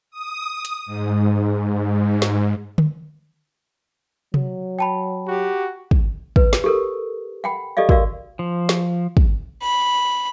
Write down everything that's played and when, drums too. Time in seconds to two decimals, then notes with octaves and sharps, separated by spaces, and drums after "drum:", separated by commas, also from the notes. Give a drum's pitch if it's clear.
0.11 D#6
0.65 drum: hi-hat
0.86 G#2
2.22 drum: snare
2.78 drum: tom D3
4.34 F#3, drum: tom C3
4.79 G5 A5 B5
5.28 F#4 G4
5.91 drum: kick
6.36 B4, drum: kick
6.53 drum: snare
6.64 G4 A4 A#4
7.44 F#5 G5 B5
7.77 G4 A4 D5 D#5 F5
7.89 F#4 A#4 D5 F5, drum: kick
8.39 F3
8.69 drum: snare
9.17 drum: kick
9.62 B5